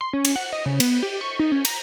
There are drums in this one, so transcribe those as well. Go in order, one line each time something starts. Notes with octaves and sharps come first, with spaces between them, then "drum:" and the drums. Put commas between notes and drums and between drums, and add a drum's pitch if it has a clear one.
C6
C#4
drum: cymbal
F#5
D#5
C#3
B3, drum: cymbal
G4
C#6
D#4
C#4
A#5, drum: cymbal